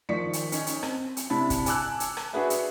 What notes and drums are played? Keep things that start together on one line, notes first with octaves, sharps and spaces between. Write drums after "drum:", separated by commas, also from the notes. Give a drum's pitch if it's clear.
D#3 F3 D5 C#6 B6 C#7
drum: hi-hat
C#4 D#4, drum: hi-hat
drum: hi-hat
C4, drum: rim click
drum: hi-hat
C3 D4 E4 A5 B5
drum: kick, hi-hat
G#5 A5 D6 E6 F#6, drum: hi-hat
drum: hi-hat
drum: rim click
D4 F#4 G#4 B4 E5
drum: hi-hat